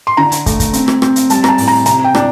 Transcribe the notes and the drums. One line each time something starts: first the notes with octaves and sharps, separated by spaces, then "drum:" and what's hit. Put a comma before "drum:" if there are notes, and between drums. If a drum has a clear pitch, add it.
C6
D3 A#5
drum: hi-hat
A3, drum: kick, hi-hat
drum: kick, hi-hat
C4, drum: hi-hat
drum: rim click
C4, drum: rim click
drum: hi-hat
G3 A5, drum: hi-hat
A#5, drum: rim click
A5
A2, drum: open hi-hat
A#5
C3 A#5, drum: hi-hat
G5
D4, drum: rim click